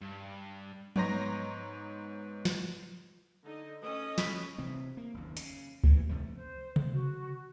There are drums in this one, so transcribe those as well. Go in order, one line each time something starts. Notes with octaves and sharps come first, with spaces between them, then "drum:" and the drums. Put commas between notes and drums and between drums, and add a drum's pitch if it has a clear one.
G2
G#2 B3 C#5 A#5 C6 A#6, drum: tom F3
drum: snare
D3 D#4 D#5
C#4 A4 D#5 D#6
B5 C#6 B6, drum: snare
C3 E3 C4
A#3
F#1 D#2
C#3, drum: hi-hat
G2 E3, drum: kick C#2
D#2 C3 F3 A3
C5
drum: tom C3
F#4